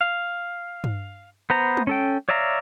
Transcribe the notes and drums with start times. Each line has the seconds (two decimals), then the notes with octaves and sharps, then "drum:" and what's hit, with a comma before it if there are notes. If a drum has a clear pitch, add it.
0.01 F5
0.84 drum: tom G2
1.50 B3 C5 A#5
1.77 drum: tom G#3
1.87 C#4 A4 G5
2.29 C#5 D5 E5 F5 A#5